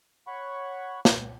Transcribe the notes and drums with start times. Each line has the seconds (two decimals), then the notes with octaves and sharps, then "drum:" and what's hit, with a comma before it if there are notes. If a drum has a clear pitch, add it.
0.27 C#5 F#5 B5 C#6
1.05 drum: snare